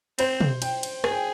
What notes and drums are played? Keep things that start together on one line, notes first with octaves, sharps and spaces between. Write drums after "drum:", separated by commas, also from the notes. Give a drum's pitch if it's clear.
C4 C5, drum: cymbal
drum: tom
G5, drum: cymbal
drum: cymbal
G#4 G#5, drum: rim click
G5